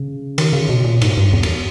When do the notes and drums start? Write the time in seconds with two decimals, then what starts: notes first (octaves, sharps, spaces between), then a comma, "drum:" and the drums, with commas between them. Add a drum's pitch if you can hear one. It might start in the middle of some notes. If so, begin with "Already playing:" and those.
Already playing: C#3
0.38 D#3, drum: cymbal
0.53 C#3
0.69 B2
0.85 A#2
1.02 G#2, drum: cymbal
1.17 G2
1.33 E2
1.43 drum: cymbal